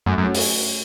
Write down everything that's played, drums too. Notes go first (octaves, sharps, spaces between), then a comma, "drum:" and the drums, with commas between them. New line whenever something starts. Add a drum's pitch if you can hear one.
F#2 A3
F#2
C#4 F#4
drum: open hi-hat